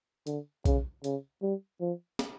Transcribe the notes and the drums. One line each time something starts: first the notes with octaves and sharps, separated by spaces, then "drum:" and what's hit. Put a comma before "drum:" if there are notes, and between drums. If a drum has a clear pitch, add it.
D3, drum: hi-hat
C#3, drum: kick B1, hi-hat
C#3, drum: hi-hat
G3
F3
drum: snare